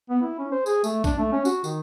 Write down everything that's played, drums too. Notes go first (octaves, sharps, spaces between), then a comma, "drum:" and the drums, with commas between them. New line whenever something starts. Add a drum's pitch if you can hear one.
B3
E4
C#4
C5
G#4, drum: tambourine
A3, drum: tambourine
D4, drum: kick A#1, tambourine
A3
C#4
F#4, drum: tambourine
D#3, drum: tambourine